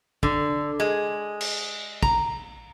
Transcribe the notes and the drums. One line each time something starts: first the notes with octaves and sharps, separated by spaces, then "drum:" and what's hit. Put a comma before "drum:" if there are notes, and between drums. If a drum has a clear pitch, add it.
D3, drum: kick
G#3
drum: cymbal
A#5, drum: kick